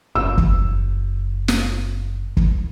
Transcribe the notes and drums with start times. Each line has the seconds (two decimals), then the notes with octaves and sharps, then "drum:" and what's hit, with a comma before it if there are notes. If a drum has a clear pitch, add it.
0.15 F#1 E6
0.38 drum: kick
1.48 drum: snare
2.37 drum: kick